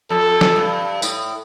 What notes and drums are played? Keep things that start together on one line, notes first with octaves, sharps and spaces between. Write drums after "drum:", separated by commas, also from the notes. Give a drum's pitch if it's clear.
F2 A4
drum: snare
G2
A2, drum: tambourine